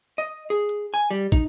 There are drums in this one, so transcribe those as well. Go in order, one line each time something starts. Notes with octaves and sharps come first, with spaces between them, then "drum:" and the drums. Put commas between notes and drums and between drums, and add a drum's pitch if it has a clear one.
D#5
G#4
drum: hi-hat
G#5
G3
D#4, drum: kick, hi-hat